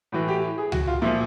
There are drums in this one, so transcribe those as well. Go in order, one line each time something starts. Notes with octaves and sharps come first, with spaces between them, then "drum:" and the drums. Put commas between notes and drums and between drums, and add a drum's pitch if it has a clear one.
A2 E3 F#4
G4
G#4
F#4, drum: tom C#2
F4
A#2 F3 E4